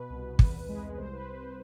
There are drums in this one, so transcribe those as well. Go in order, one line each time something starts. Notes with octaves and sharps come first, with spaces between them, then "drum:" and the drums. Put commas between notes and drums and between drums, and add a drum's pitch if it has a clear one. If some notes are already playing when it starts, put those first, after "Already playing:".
Already playing: B2 B4
C2
E2, drum: kick
G#3
C2 C5
B4
C2 B4